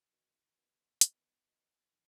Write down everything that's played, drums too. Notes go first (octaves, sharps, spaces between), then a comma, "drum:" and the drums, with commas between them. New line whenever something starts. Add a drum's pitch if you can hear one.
D#3 B3 F#4 B4 D#5
D#3 B3 F#4 B4 D#5
D#3 B3 F#4 B4 D#5, drum: hi-hat
D#3 B3 F#4 B4 D#5
D#3 F#3